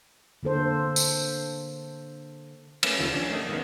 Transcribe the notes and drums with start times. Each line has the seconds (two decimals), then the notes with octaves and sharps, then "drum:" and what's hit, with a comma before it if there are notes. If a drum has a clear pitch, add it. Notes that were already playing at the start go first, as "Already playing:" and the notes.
0.43 D3 A#3 A4 C5
0.96 drum: tambourine
2.83 A3 A#3 C#4 B4, drum: cymbal
2.99 C#2 D#3 F3 A3
3.12 C#4 D4
3.30 A3 A#3 A#4 D#5
3.49 D#3 G#3 A#3 B3 C#4